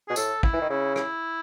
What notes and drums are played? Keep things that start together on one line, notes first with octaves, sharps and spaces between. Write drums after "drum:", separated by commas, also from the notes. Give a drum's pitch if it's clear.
B2 G#4
A2 A4, drum: tambourine
E4, drum: kick
E3
D#3
C#3 E4
E4, drum: rim click